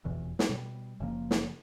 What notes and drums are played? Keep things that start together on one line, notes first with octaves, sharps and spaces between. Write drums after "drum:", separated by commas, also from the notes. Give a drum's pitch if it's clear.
F1 E2 B2 E3
drum: snare
B2 G3
F#1 C#3 F3 A#3
drum: snare